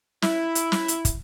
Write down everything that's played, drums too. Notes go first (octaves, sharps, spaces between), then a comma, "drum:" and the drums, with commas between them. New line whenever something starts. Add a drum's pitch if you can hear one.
E4, drum: snare
drum: hi-hat
drum: snare
drum: hi-hat
drum: kick, hi-hat